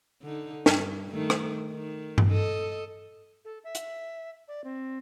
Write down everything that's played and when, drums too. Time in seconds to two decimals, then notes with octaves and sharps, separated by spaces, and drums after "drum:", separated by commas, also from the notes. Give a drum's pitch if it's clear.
0.22 D3 D#4
0.66 G2, drum: snare
1.10 D#3 A3
1.30 drum: rim click
1.73 D#3
2.18 drum: tom G2
2.30 A4 D#5
3.45 A4
3.64 E5
3.75 drum: hi-hat
4.48 D5
4.64 C4